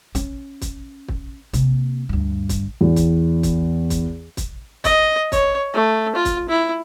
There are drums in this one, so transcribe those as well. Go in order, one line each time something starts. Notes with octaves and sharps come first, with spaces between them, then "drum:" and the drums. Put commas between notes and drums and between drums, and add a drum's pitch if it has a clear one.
C#4, drum: kick, hi-hat
drum: kick, hi-hat
drum: kick
C3 A#3, drum: kick, hi-hat
D2 G2
drum: kick, hi-hat
E2
drum: kick, hi-hat
drum: kick, hi-hat
drum: kick, hi-hat
drum: kick, hi-hat
D#5, drum: kick, hi-hat
C#5, drum: kick, hi-hat
A3
F4
drum: kick, hi-hat
E4